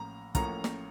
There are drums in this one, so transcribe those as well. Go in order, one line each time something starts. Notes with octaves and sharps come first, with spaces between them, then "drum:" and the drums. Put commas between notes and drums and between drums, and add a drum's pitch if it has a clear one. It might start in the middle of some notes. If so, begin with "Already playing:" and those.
Already playing: A1 A2 F3 A#3 C#4 A#5
A1 A2 F3 A#3 C#4 A#5, drum: kick, hi-hat
drum: snare